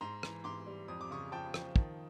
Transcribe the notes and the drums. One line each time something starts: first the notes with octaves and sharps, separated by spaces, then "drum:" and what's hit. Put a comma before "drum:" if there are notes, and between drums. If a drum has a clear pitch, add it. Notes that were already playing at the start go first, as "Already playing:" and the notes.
G#2 A#5 C6
E3, drum: rim click
G#2 C6 D6
G3
F2 D#6
D6
C#3 C#6 D#6
F3 G5 A5
F3, drum: rim click
D#3, drum: kick